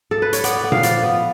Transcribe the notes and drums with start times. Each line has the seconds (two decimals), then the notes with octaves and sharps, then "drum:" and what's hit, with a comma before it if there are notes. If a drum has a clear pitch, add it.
0.11 A4
0.22 B4
0.33 C#5, drum: hi-hat
0.44 B3 D5, drum: hi-hat
0.64 B3
0.72 F5, drum: tom A#2
0.83 F3 D5, drum: hi-hat
1.03 B3